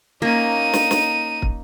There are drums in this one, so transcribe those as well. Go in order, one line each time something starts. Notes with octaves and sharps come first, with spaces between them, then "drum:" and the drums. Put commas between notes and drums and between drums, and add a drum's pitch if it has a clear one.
A#3 C#4 D#4 D#7
drum: snare
drum: snare
drum: kick